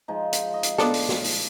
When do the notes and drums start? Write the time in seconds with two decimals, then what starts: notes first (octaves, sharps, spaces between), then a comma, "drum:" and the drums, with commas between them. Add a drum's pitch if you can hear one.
0.08 F3 G#3 D#4
0.33 drum: hi-hat
0.54 D#5
0.63 drum: hi-hat
0.78 B3 D4 A4 D5 C6, drum: snare
0.94 drum: open hi-hat
1.09 drum: snare
1.24 drum: open hi-hat